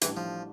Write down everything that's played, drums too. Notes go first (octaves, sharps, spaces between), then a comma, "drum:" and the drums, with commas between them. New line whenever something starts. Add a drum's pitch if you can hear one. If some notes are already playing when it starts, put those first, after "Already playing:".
A1 A2 E3 G3 D4, drum: hi-hat
F3